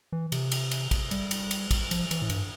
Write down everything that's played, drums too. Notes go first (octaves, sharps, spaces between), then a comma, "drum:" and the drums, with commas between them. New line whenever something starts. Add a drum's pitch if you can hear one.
E3
C3, drum: cymbal
drum: cymbal
drum: cymbal
drum: kick, cymbal
G3, drum: cymbal
drum: cymbal
drum: cymbal
drum: kick, cymbal
F3, drum: cymbal
E3, drum: cymbal
A2
G2, drum: cymbal